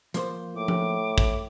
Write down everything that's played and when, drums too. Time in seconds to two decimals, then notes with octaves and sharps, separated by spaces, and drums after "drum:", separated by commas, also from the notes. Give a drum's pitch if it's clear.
0.14 F3 A#3 C5, drum: hi-hat
0.56 A2 D6
0.68 drum: tom F3
1.18 drum: kick